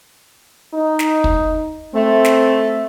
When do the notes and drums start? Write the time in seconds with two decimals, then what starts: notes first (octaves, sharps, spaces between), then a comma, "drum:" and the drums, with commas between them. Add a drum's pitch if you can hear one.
0.74 D#4
0.99 drum: snare
1.24 drum: kick
1.94 A3 C4
2.25 drum: snare